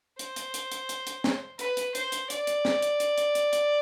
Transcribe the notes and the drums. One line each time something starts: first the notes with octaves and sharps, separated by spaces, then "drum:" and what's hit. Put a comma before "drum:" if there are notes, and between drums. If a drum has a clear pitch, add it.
C5, drum: hi-hat
drum: hi-hat
drum: hi-hat
drum: hi-hat
drum: hi-hat
drum: hi-hat
drum: snare
B4, drum: hi-hat
drum: hi-hat
C5, drum: hi-hat
drum: hi-hat
D5, drum: hi-hat
drum: hi-hat
drum: snare
drum: hi-hat
drum: hi-hat
drum: hi-hat
drum: hi-hat
drum: hi-hat